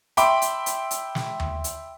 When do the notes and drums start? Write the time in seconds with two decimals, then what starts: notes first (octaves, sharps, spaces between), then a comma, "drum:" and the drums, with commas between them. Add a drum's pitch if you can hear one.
0.17 E5 G5 B5 C6 D6, drum: hi-hat
0.42 drum: hi-hat
0.66 drum: hi-hat
0.91 drum: hi-hat
1.15 drum: snare
1.40 drum: tom D#2
1.64 drum: hi-hat